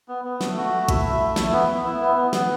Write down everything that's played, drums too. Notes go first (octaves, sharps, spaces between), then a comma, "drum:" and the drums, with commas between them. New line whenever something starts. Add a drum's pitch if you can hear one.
B3
B3
A3, drum: snare
F#4
A3
E4 E5, drum: kick, hi-hat
A3
A3
E4, drum: snare
B3
B3
E4
B3
B3
B3, drum: snare